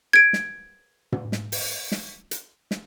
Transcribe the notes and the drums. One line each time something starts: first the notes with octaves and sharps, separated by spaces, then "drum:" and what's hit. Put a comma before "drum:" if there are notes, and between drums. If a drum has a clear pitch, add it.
G#6 D7
drum: snare
drum: tom
drum: snare
drum: open hi-hat
drum: snare
drum: hi-hat
drum: snare